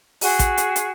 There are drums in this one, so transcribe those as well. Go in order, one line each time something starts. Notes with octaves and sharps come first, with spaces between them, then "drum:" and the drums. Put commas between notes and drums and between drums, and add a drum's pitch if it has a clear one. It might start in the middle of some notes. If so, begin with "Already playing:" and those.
F#4 G#4, drum: open hi-hat
drum: kick A1, hi-hat
drum: hi-hat
drum: hi-hat